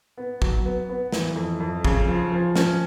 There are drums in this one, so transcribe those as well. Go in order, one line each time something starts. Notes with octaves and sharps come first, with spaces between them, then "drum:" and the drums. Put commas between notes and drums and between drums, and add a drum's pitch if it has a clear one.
B3
F#3, drum: kick
B3
B3
E3, drum: snare
F2
F2
C#3, drum: kick
F3
F3
C#4, drum: snare